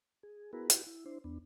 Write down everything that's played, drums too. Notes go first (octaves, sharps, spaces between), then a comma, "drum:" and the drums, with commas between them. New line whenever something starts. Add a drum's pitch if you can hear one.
G#4
B3 E4 F#4 G#4 A#4 B4
E4 F#4 G4 B4 F#5 G5, drum: hi-hat
E4
D4 E4 C5
E2 B3 D4